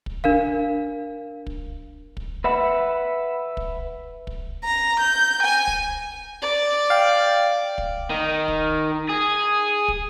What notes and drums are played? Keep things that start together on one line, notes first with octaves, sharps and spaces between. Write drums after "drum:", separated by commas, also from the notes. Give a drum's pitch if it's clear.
drum: kick
D4 A#4 F5
drum: kick
drum: kick
B4 E5 F#5 B5
drum: kick
drum: kick
A#5
G6
G#5
drum: kick
D5
F5 G5
drum: kick
D#3
drum: kick
G#4
drum: kick